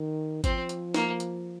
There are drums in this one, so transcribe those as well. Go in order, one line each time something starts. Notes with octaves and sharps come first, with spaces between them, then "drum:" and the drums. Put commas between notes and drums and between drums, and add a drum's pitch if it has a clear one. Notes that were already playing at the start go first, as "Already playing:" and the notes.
Already playing: D#3
F3 C4, drum: kick G#1, hi-hat
drum: hi-hat
A#3, drum: snare
drum: hi-hat